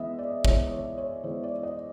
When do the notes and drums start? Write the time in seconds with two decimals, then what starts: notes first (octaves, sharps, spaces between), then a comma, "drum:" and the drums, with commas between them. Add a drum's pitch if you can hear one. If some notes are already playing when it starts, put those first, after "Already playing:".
Already playing: E3 G#3 B3 D#5 E5
0.19 D5
0.45 E3 G#3 B3 C#5, drum: kick
0.71 C#5
0.98 C#5
1.24 E3 G#3 B3 C5
1.43 D5
1.63 D#5